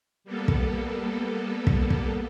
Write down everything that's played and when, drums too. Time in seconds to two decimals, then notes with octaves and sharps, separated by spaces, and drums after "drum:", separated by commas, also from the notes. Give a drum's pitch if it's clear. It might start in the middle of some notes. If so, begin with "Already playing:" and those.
0.24 G3 A#3 B3 A4
0.48 drum: kick
1.67 drum: kick
1.90 drum: kick